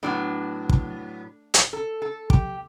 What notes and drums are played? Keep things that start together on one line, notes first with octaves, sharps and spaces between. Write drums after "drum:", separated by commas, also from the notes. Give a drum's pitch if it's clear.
A2 F#3 B3 D4
drum: kick
drum: hi-hat
A4
A4
G4, drum: kick